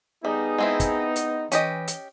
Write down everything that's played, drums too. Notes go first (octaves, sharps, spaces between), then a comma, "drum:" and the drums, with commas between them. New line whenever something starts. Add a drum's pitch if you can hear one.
G3 B3 D#4 G#4
G#3 C4 E4
drum: kick, hi-hat
drum: hi-hat
E3 C#4 G4 D#5, drum: hi-hat
drum: hi-hat